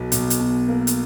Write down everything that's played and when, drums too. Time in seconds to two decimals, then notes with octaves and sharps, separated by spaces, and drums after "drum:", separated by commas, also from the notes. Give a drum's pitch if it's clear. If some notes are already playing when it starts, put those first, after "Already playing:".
Already playing: B1 B2
0.12 B1, drum: hi-hat
0.30 drum: hi-hat
0.39 B2
0.68 A#3
0.87 drum: hi-hat